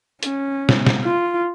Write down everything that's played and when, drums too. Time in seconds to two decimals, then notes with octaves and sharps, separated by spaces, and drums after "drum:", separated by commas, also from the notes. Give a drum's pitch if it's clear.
0.23 C#4, drum: hi-hat
0.69 drum: snare
0.87 drum: snare
1.04 F4